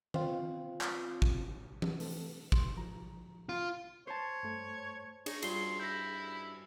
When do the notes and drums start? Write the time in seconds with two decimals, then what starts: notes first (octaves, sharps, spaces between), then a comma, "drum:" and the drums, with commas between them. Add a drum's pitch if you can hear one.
0.14 C4 F4, drum: tom D#3
0.81 drum: clap
1.22 drum: kick
1.82 drum: tom E3
2.00 A3 C4 A4, drum: open hi-hat
2.52 G#2 C6, drum: kick
2.77 F3 A#5
3.49 F4
4.07 C5 C#5 A5
4.43 G2 A3
5.26 D4 D#4 G#4 C#5, drum: cymbal
5.42 G2 F4 C6 C7 G7, drum: cymbal
5.80 E4 G6 A#6